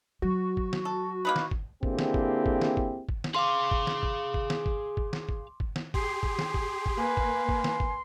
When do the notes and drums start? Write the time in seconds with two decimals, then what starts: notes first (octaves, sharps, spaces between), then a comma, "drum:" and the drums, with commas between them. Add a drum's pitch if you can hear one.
0.22 F#3 F#4
0.57 drum: kick
0.73 drum: snare
0.85 A4
1.25 A#3 D#4 B4
1.36 drum: snare
1.51 drum: kick
1.83 D3 A#3 C4 E4 G4 G#4, drum: kick
1.99 drum: snare
2.14 drum: kick
2.46 drum: kick
2.61 drum: snare
2.77 drum: kick
3.09 drum: kick
3.24 drum: snare
3.35 G#4 F5 C6 D6
3.71 drum: kick
3.87 drum: snare
4.03 drum: kick
4.34 drum: kick
4.50 drum: snare
4.66 drum: kick
4.97 drum: kick
5.13 drum: snare
5.29 drum: kick
5.60 drum: kick
5.76 drum: snare
5.94 G4 G#4 C6, drum: kick
6.23 drum: kick
6.39 drum: snare
6.54 drum: kick
6.86 drum: kick
6.97 A#3 B4 G#5
7.17 drum: kick
7.49 drum: kick
7.64 drum: snare
7.80 drum: kick